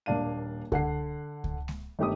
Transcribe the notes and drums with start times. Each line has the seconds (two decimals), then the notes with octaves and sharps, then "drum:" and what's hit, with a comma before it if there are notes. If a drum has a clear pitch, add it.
0.06 D#1 A#3 D4 F5 D#7
0.72 D3 F#5 C7, drum: kick C#2
1.44 drum: kick C#2
1.68 drum: snare G#3
1.99 G1 D#3 A3 G4 D6 D#6